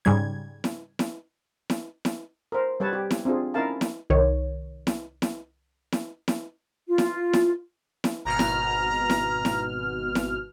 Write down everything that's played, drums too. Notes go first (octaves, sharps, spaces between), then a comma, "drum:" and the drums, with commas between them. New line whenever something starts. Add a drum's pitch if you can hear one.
G#2 C#3 G3 G#6
drum: snare E4
drum: snare E4
drum: snare E4
drum: snare E4
A#4 C5
G3 B4 C#5 A5
G4
drum: snare E4
C4 D4 F4 G#4
C#4 D#4 E4 A#4 F5 A5
drum: snare E4
C2 D#3 C#5
drum: snare E4
drum: snare E4
drum: snare E4
drum: snare E4
F4
drum: snare E4
drum: snare E4
drum: snare E4
G#1 B2 A#5 F6
drum: snare E4
drum: snare E4
drum: snare E4
drum: snare E4